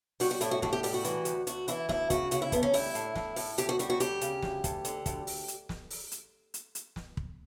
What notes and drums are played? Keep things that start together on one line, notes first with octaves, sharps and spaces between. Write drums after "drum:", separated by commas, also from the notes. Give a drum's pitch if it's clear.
G3 F#4, drum: open hi-hat
F#4
A2 E4, drum: hi-hat
F#4
A2 F#4, drum: snare
G4
G3 G4, drum: open hi-hat
F#4
E3, drum: hi-hat
D2, drum: hi-hat
D2 F#4, drum: hi-hat
E3 E4, drum: hi-hat
D2 E4, drum: snare
C#3 F#4, drum: kick, hi-hat
C#3 F#4, drum: hi-hat
E4
D2 B3, drum: kick, hi-hat
C#4
G3 E4, drum: open hi-hat
A2, drum: hi-hat
A2, drum: snare
A2, drum: open hi-hat
D2 G4, drum: hi-hat
F#4
G3 F#4, drum: hi-hat
F#4
D2 G4, drum: hi-hat
C#3, drum: hi-hat
D2, drum: snare
D2, drum: kick, hi-hat
D3, drum: hi-hat
D2, drum: kick, hi-hat
drum: open hi-hat
drum: hi-hat
drum: snare
drum: open hi-hat
drum: hi-hat
drum: hi-hat
drum: hi-hat
drum: snare
drum: kick